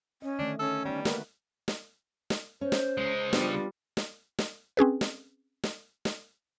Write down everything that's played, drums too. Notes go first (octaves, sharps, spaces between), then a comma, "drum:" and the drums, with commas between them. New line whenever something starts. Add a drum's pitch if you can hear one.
C#4 D#5
D3 D#3 A3 D4
C#4 A4
G3 B3 D#4
A3 A#3 F#4 B4, drum: snare
drum: snare
drum: snare
C#4 C5
drum: snare
C#2 G#3
F3 G3 B3 D4, drum: snare
drum: snare
drum: snare
C4 C#4 G#4 B4
drum: snare
drum: snare
drum: snare